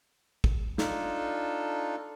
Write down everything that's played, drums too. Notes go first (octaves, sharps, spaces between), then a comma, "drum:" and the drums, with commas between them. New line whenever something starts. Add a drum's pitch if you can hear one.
drum: kick
D4 D#4 F4 A4, drum: snare